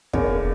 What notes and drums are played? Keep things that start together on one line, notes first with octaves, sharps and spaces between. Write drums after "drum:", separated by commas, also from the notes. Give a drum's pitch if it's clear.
E2 D3 A#3 A#4 C#5, drum: kick